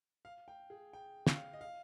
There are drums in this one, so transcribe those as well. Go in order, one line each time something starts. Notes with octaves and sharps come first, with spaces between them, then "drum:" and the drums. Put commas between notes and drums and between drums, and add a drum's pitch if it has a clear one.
F5
G5
G#4
G5
F5, drum: snare
D#5
F5